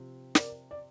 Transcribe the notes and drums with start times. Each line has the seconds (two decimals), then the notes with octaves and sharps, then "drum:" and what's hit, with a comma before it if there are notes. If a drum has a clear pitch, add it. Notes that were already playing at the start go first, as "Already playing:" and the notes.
Already playing: C3 F3 C4
0.35 A#4 D5, drum: snare
0.71 D5